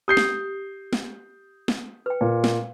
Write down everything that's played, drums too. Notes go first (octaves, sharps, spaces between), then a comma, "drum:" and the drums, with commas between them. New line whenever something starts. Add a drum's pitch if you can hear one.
G4 D#6 G6 C7
drum: snare
drum: snare
drum: snare
B4 G5
A#2
drum: snare